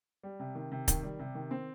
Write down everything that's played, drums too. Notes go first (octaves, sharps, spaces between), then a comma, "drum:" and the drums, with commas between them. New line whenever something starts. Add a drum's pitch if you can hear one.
G3
C3
D#3
C3
D#3, drum: kick, hi-hat
G3
C3
D#3
C4